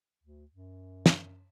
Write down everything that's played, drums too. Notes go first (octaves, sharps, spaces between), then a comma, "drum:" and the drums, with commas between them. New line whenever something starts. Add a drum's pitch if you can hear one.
D2
F#2
drum: snare